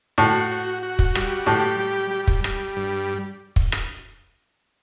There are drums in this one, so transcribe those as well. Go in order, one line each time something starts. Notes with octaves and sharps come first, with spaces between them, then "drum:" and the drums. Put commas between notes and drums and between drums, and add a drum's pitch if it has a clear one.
A2 F#4
F#4
F#4
drum: kick
G3, drum: rim click
A2 G4
G3
G3
drum: kick
G3, drum: rim click
G2
drum: kick
drum: rim click